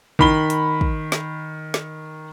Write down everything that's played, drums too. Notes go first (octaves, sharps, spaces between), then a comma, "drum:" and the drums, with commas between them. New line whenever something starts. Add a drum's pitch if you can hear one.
D#3 B5 G7, drum: kick
drum: hi-hat
drum: kick
drum: snare
drum: snare